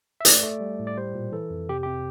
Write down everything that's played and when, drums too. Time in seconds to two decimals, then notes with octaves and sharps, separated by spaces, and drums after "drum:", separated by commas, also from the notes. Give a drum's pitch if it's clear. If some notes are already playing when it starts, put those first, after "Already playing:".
0.21 E5
0.25 A3 D5, drum: hi-hat
0.43 A3
0.60 G3
0.79 A2
0.87 D5
0.97 G3 C5
1.15 A#2
1.32 E3 A4
1.50 F2
1.69 C3 G4
1.83 C3 G4